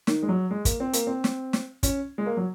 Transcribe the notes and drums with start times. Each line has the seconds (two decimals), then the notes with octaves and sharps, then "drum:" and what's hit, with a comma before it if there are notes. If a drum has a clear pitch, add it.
0.07 D#3, drum: snare
0.23 G#3
0.29 F#3
0.51 G#3
0.65 A#3, drum: kick, hi-hat
0.80 C4
0.93 A#3, drum: hi-hat
1.07 C4
1.24 drum: snare
1.53 drum: snare
1.83 C#4, drum: kick, hi-hat
2.18 G#3
2.26 A#3
2.37 F#3